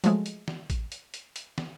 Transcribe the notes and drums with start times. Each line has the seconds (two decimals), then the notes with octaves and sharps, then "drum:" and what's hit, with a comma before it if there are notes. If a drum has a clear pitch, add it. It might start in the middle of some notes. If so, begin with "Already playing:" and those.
0.04 F3 F#3 G#3 A3, drum: hi-hat
0.26 drum: hi-hat
0.48 drum: snare
0.70 drum: kick A1, hi-hat
0.92 drum: hi-hat
1.14 drum: hi-hat
1.36 drum: hi-hat
1.58 drum: snare